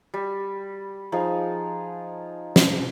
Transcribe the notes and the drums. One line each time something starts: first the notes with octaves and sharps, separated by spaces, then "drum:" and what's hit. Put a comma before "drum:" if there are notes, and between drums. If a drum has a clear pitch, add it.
G3
F3 D#4 G#4
drum: snare